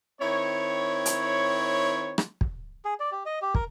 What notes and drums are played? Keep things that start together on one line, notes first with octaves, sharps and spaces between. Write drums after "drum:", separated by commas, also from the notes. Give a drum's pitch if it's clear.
D#3 C4 E4 C#5
drum: hi-hat
drum: rim click
drum: kick
G#4
D5
G4
D#5
G4
A#4, drum: kick